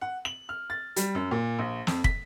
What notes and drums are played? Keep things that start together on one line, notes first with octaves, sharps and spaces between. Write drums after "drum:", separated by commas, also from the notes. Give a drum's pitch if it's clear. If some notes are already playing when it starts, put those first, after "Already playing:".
F#5
F#7
F6
A6
G3, drum: hi-hat
F#2
A#2
A#1
F2, drum: snare
B6, drum: kick